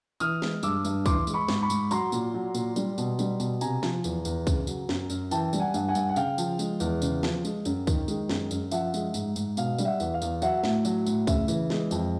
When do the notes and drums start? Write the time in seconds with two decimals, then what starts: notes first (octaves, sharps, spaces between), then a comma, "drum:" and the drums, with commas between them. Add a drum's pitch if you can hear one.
0.20 E3 D#6 F6, drum: tambourine
0.42 G#3, drum: snare
0.63 G2 D6 E6, drum: tambourine
0.85 G2, drum: tambourine
1.06 E3 C6 D6, drum: kick, tambourine
1.27 G#3, drum: tambourine
1.34 B5 C#6
1.48 G#2, drum: snare
1.62 B5 C#6
1.70 G#2, drum: tambourine
1.91 F#3 A#5 C6, drum: tambourine
2.12 A#2, drum: tambourine
2.34 F#3
2.55 A#2, drum: tambourine
2.76 G3, drum: tambourine
2.98 B2, drum: tambourine
3.19 G3, drum: tambourine
3.40 B2, drum: tambourine
3.61 C3 G#5 A#5, drum: tambourine
3.83 F3, drum: snare
4.04 E2, drum: tambourine
4.25 E2, drum: tambourine
4.47 C#3, drum: kick, tambourine
4.67 F#3, drum: tambourine
4.89 F#2, drum: snare
5.10 F#2, drum: tambourine
5.31 E3 G5 A5, drum: tambourine
5.53 G3, drum: tambourine
5.59 F#5 G#5
5.74 G2, drum: tambourine
5.88 F#5 G#5
5.95 G2, drum: tambourine
6.09 F#5
6.16 C#3 F5 G5, drum: tambourine
6.38 F3, drum: tambourine
6.59 G#3, drum: tambourine
6.80 E2, drum: tambourine
7.02 C#3, drum: tambourine
7.23 F3, drum: snare
7.45 G#3, drum: tambourine
7.65 F#2, drum: tambourine
7.87 D#3, drum: kick, tambourine
8.08 G#3, drum: tambourine
8.29 F#2, drum: snare
8.51 F#2, drum: tambourine
8.71 F3 E5 F#5, drum: tambourine
8.94 G#3, drum: tambourine
9.14 G#2, drum: tambourine
9.36 G#2, drum: tambourine
9.57 B2 F5, drum: tambourine
9.78 G3, drum: tambourine
9.85 E5 F#5
10.00 E2, drum: tambourine
10.14 F5
10.22 E2, drum: tambourine
10.42 F#3 E5 F#5, drum: tambourine
10.64 A2, drum: snare
10.85 F#3, drum: tambourine
11.07 A2, drum: tambourine
11.27 C#3 E5, drum: kick, tambourine
11.48 E3, drum: tambourine
11.70 G#3, drum: snare
11.91 F2, drum: tambourine